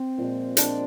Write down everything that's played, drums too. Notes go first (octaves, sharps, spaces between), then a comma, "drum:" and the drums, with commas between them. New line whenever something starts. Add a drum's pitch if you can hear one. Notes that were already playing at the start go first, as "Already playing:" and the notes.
Already playing: C4
A#2 F3 G#3
A#2 F3 G#3 D4, drum: hi-hat